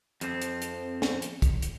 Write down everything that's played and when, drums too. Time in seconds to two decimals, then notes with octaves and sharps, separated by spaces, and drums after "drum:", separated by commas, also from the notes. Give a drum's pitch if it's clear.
0.21 F2 C4, drum: hi-hat
0.42 drum: hi-hat
0.62 drum: hi-hat
1.02 drum: snare
1.22 drum: hi-hat
1.42 drum: kick, hi-hat
1.62 drum: hi-hat